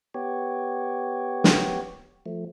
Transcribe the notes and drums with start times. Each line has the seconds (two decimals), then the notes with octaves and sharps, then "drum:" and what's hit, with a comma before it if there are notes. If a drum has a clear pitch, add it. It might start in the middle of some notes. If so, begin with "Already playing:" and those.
0.14 B3 G4 C#5
1.44 drum: snare
2.26 F3 A3